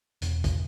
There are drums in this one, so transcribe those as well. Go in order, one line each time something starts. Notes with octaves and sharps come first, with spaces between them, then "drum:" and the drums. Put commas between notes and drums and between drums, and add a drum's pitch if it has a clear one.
E1, drum: hi-hat
drum: kick, hi-hat